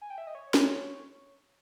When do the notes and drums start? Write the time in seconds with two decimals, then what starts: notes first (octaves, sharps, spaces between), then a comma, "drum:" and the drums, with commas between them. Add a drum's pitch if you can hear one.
0.01 G#5
0.10 G5
0.18 E5
0.27 D#5
0.35 C#5
0.54 drum: snare